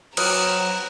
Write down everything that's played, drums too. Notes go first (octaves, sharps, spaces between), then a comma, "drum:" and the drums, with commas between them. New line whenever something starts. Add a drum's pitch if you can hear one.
F#3 B4 C5 A#5 D6 D#6 F6 E7, drum: cymbal